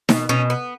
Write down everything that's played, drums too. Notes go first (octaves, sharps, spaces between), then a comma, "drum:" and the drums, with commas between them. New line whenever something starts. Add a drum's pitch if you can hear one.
B2, drum: snare D#4
B2 C#4
B3